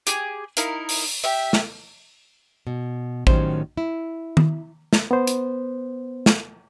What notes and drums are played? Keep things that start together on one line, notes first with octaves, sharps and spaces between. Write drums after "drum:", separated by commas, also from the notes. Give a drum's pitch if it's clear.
G4 G#4, drum: hi-hat
D#4 E4 A#4 F5, drum: hi-hat
drum: open hi-hat
G4 E5
drum: snare
B2
A2 D#3 F#3 G3 C#4 C5, drum: kick A1
E4
drum: tom D#3
drum: snare
B3 C5
drum: hi-hat
drum: snare